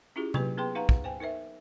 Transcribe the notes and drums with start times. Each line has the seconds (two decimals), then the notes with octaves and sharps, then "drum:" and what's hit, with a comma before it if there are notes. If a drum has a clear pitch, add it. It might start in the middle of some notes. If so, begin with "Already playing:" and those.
0.16 C#4 E4 F4 G4 G#4
0.34 F#3 A#3 G4 B4, drum: tom C3
0.58 B3 G#4 B4 G5 C6
0.75 D#4 B4 F5 F#5 A#5
0.89 drum: kick
1.04 C5 G5 G#5
1.20 D#4 A#4 C5 E5